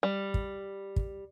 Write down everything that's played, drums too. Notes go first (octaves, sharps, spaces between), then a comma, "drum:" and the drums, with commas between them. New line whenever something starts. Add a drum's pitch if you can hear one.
G3
drum: kick
drum: kick